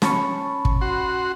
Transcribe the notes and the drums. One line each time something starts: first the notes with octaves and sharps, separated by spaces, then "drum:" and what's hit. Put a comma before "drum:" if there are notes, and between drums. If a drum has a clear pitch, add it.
C#4 A5 B5 C#6, drum: snare
drum: kick
F#4 C6